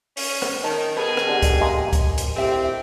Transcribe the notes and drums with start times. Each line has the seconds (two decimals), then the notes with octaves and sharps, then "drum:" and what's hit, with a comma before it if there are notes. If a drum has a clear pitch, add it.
0.17 C#4, drum: open hi-hat
0.42 drum: rim click
0.63 D#3 A#4 D#5 A5
0.97 B2 D#3 G#4 A4 B4
1.17 drum: rim click
1.30 D3 G4
1.42 drum: kick C#2, hi-hat
1.61 G#3 A#3
1.93 drum: kick C#2, hi-hat
2.18 drum: hi-hat
2.36 A2 D3 C4 G4 E5 G5